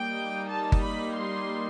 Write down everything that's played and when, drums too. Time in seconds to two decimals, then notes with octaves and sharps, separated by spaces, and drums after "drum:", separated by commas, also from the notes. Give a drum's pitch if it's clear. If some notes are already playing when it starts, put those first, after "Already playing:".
Already playing: G3 A#3 D#4 G5
0.50 A5
0.72 drum: kick G1
0.83 B5
1.15 C6